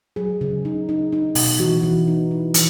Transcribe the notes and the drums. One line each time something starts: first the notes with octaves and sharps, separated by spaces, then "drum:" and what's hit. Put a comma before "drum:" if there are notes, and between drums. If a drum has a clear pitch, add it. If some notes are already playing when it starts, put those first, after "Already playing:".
F#3 G#4
C#3
D#4
D#4
D#4
B2, drum: open hi-hat
E3 F#4
E3
D#4
E4
E3, drum: hi-hat